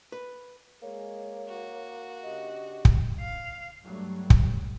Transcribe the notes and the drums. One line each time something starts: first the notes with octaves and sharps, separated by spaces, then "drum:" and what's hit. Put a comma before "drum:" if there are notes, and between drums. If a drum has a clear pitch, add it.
B4
G#3 A#3 G#4 C#5
F#4
C#3 D4 G4 D#5
drum: kick
F5
G2 F#3 G3 A3
drum: kick